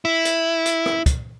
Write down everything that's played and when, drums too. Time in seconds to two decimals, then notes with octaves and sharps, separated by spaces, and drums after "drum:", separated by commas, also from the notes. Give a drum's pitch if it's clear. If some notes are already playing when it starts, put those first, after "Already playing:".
0.05 E4
0.25 drum: hi-hat
0.66 drum: hi-hat
0.86 drum: rim click
1.06 drum: kick, hi-hat